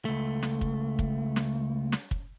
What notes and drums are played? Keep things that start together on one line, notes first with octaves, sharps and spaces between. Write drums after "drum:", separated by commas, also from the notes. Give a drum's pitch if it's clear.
C#2 A3
drum: snare
drum: kick
drum: kick
drum: snare
drum: snare
drum: kick